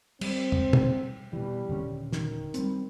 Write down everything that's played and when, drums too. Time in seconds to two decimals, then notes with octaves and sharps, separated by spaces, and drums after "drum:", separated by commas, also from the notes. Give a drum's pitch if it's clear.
0.21 G3 C4, drum: cymbal
0.52 drum: tom
0.73 drum: tom
1.33 B2 E3 G3
1.69 D#1 D3 C#4
2.12 D#3, drum: snare
2.54 G3 C4, drum: hi-hat